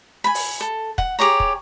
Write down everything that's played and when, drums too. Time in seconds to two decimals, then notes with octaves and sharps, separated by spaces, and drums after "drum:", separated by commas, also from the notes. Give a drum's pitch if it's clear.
0.24 G#5 B5
0.35 drum: open hi-hat
0.61 A4
0.98 F#5, drum: kick
1.19 G4 G#4 C#5 A#5
1.40 drum: kick